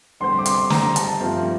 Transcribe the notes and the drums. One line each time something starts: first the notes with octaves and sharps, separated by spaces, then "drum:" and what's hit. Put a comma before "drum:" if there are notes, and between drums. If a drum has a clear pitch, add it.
D3 G3 C4 G4 C5 C6
D6
C6, drum: hi-hat
A#5, drum: snare
A5, drum: hi-hat
G2 F3 A3 C4 F4